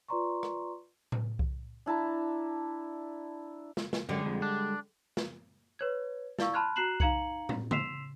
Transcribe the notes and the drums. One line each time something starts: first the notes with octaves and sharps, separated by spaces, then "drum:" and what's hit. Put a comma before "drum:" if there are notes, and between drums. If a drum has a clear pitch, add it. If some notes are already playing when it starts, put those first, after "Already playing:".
F4 B4 D5 A#5 C6 C#6
drum: rim click
drum: tom A2
drum: kick C2
D4 E4 A5 A#5
drum: snare
drum: snare
F#2 D3 G3 G#3
F2
D4
drum: snare
B4 C#5 G#6
E4 D5 F5 C#6 E6, drum: snare
A5 B5 C6 F6 F#6 G#6
F#4 A#5 F#6 C7 E7 F#7
D#4 F5 A#5 G#6 C#7 F#7, drum: kick C2
drum: tom
C6 E6 B6 C7 E7 F7, drum: tom C#3